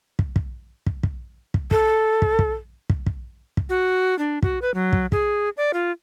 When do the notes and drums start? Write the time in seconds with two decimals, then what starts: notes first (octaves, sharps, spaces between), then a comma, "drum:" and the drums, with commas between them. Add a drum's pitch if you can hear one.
0.19 drum: kick
0.36 drum: kick
0.86 drum: kick
1.03 drum: kick
1.54 drum: kick
1.71 A4, drum: kick
2.22 drum: kick
2.39 drum: kick
2.90 drum: kick
3.06 drum: kick
3.57 drum: kick
3.69 F#4
4.19 D4
4.43 F#4, drum: kick
4.62 B4
4.74 F#3
4.93 drum: kick
5.12 G#4, drum: kick
5.57 D5
5.74 F4